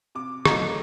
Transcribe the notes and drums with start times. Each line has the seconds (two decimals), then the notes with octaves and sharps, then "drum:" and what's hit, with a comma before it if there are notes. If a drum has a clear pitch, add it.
0.15 C3 D6
0.45 F#3 A3 D#4 A#5, drum: rim click